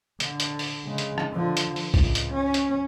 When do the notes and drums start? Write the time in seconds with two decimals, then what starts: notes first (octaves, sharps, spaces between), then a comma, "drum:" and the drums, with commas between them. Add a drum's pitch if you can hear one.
0.20 D3, drum: hi-hat
0.40 drum: hi-hat
0.59 drum: open hi-hat
0.85 C#3 G#3
0.98 drum: hi-hat
1.18 drum: rim click
1.32 D3 F3
1.57 drum: hi-hat
1.76 drum: open hi-hat
1.94 C#2 A2, drum: kick A#1, open hi-hat
2.15 drum: hi-hat
2.31 C#4
2.54 drum: hi-hat